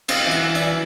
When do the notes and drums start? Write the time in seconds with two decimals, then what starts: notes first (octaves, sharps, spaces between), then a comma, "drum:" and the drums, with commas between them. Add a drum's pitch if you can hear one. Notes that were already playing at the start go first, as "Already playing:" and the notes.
0.09 C4 D#5 F5, drum: cymbal
0.27 E3 E5 F#5
0.43 E3
0.55 D5 E5
0.61 E3